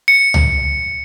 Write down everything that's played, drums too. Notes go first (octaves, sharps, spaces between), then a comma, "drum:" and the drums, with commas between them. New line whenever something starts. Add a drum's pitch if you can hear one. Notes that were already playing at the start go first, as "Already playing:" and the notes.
C#7
drum: tom C#2